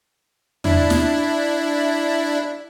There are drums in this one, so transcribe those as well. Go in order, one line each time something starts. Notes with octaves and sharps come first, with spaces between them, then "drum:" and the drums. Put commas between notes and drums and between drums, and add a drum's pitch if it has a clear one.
D4 E4, drum: tom E2
drum: snare